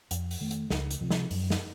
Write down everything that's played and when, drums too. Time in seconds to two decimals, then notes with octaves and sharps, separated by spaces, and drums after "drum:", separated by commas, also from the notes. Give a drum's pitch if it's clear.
0.11 F2, drum: hi-hat
0.31 drum: open hi-hat
0.41 D#3 A3
0.51 drum: hi-hat
0.70 C#2, drum: snare
0.91 drum: hi-hat
1.01 C3 F3
1.10 drum: snare
1.31 F#2, drum: open hi-hat
1.50 drum: snare